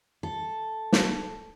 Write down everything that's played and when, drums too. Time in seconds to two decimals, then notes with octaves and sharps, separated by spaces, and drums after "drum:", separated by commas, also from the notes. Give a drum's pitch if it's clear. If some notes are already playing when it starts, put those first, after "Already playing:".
0.23 A4
0.93 drum: snare